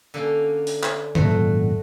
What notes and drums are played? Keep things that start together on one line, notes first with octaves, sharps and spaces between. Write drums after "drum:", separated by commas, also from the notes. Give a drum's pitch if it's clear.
D3 A#3 C#4
drum: open hi-hat
drum: clap
G#1 F#2 A#2 A3 F#4, drum: tom D3